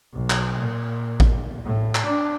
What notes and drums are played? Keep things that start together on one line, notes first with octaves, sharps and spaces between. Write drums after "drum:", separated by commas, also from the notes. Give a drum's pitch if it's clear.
B1
drum: clap
A#2
drum: kick A1
A2
drum: clap
D4